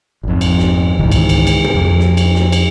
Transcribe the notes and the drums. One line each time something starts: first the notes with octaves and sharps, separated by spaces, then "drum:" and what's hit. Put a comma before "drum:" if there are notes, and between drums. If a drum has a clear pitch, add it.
G#1 F2
drum: cymbal
drum: snare
C#2 G#2 D#3 E3
drum: cymbal
drum: cymbal
drum: cymbal
drum: tom
F2
drum: snare
drum: cymbal
drum: snare
drum: cymbal